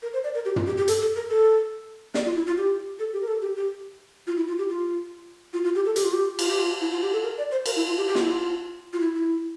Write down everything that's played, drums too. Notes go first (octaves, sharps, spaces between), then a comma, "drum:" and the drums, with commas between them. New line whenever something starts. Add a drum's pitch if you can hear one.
A#4
C5
D5
A#4
G4
F4, drum: tom
G4
G4
A4, drum: hi-hat
A4
A#4
A4
D5, drum: snare
F4
E4
F4
G4
A4
G4
A#4
A4
G4
G4
F4
E4
F4
G4
F4
F4
F4
G4
A4
G4, drum: hi-hat
F4
G4
F4, drum: cymbal
G4
F4
E4
F4
G4
A4
A#4
D5
C5
A#4, drum: cymbal
E4
F4
G4
G4
F4, drum: snare
E4
F4
F4
E4
E4